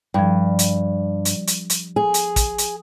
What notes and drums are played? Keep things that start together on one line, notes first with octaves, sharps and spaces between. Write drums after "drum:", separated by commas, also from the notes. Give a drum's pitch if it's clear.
G2 F3 G5
drum: hi-hat
drum: hi-hat
drum: hi-hat
drum: hi-hat
G#4
drum: hi-hat
drum: kick, hi-hat
drum: hi-hat